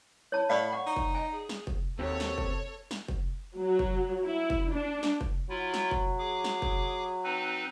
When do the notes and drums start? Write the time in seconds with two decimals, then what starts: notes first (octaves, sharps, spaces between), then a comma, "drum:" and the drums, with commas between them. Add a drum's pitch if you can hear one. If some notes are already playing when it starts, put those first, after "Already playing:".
0.32 E4 C#5 A5
0.50 A2 D5 F5 B5
0.72 F#5 C#6
0.87 D#4
0.96 drum: kick
1.15 D#5 G#5
1.32 G#4
1.49 drum: snare
1.67 drum: kick
1.99 D#2 C4 F#4 G4 A4 C#5
2.20 drum: snare
2.38 drum: kick
2.91 drum: snare
3.08 drum: kick
3.57 F#3
3.79 drum: kick
4.25 E4
4.50 drum: kick
4.73 D4
5.03 drum: snare
5.21 drum: kick
5.50 F#3 E4 F4
5.74 drum: snare
5.91 drum: kick
6.19 G#4 D6
6.44 drum: snare
6.62 drum: kick
7.24 C4 D#4 B4